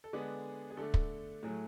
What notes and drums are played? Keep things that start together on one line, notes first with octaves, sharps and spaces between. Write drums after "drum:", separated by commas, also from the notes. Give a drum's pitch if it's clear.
A4
D3 G#3 B3 D4 G#4
G#4
D3 A3 D4 A4
drum: kick
A2 F#3 A3 G#4